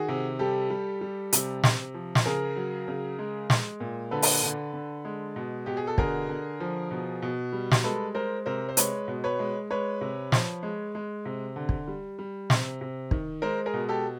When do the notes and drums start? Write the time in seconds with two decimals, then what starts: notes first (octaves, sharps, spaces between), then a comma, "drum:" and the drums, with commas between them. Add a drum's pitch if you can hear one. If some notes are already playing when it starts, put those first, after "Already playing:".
Already playing: D#3 F#4 G#4
0.09 C3
0.39 G3 G4 A4
0.70 G3
1.01 G3
1.33 C3, drum: hi-hat
1.64 C3, drum: snare
1.94 F3
2.15 drum: snare
2.25 C#3 G#4 A#4
2.56 F#3
2.88 C#3
3.19 G#3
3.50 G#3, drum: snare
3.80 A#2
4.11 D3 A4 B4
4.22 drum: open hi-hat
4.43 D3
4.73 D3
5.05 G#3
5.36 B2
5.66 B2 G4
5.77 G#4
5.87 A4
5.98 D3 G#4 A#4, drum: kick
6.29 D3
6.60 F3
6.91 B2
7.22 B2
7.52 G3
7.72 drum: snare
7.84 G#3 A4 B4
8.15 G#3 A#4 C5
8.46 C3 A#4 C5
8.69 C5
8.77 G#3 B4 C#5, drum: hi-hat
9.08 B2
9.24 B4 C#5
9.39 G#3
9.70 G#3 B4 C#5
10.01 C3
10.32 F3, drum: snare
10.63 G#3
10.95 G#3
11.26 C3
11.56 D3
11.69 drum: kick
11.87 G3
12.19 G3
12.50 C3, drum: snare
12.81 C3
13.11 D#3, drum: kick
13.42 G#3 A#4 C5
13.66 G#4 A#4
13.74 B2
13.89 G4 A4